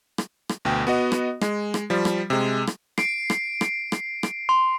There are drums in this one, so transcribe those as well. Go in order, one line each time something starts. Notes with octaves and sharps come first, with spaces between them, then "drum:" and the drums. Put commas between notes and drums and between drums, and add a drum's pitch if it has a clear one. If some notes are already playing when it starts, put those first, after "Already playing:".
drum: rim click
drum: rim click
D2 B2 G5
B3 F#4 D#5
drum: rim click
G#3, drum: rim click
drum: rim click
F3 G3
drum: rim click
C3 G#3
drum: rim click
C7 D7, drum: rim click
drum: rim click
drum: rim click
drum: rim click
drum: rim click
C6